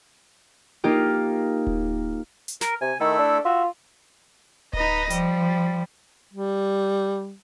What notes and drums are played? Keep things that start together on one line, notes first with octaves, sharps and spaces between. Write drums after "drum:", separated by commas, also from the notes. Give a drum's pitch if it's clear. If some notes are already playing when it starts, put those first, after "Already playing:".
A#3 D#4 F4 G4
drum: kick D1
drum: hi-hat
A#4, drum: snare
C3 G#5
D#3 A3 E4 A4
D4
F4 F#4 E5
D#4 B4 D#5, drum: kick D1
F3 G3, drum: hi-hat
G3